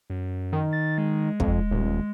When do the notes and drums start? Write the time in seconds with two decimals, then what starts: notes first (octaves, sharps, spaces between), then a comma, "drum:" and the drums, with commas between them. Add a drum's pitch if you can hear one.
0.10 F#2
0.53 D#3
0.73 A6
0.98 G#3
1.40 F2, drum: kick
1.71 D#1